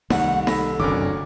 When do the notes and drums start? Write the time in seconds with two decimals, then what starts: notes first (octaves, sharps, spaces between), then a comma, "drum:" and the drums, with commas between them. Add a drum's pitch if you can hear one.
0.10 C2 D#3 A3 F#5, drum: snare D#4
0.47 A4 B5 A#6, drum: snare D#4
0.80 F#1 D2 C3 D#3 C#4 D4 A#4 D6